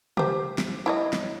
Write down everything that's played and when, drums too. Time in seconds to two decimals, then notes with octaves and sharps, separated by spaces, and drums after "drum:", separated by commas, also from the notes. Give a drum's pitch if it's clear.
0.17 G4 C5, drum: tom
0.58 drum: snare
0.86 E4 C#5 D#5
1.13 drum: snare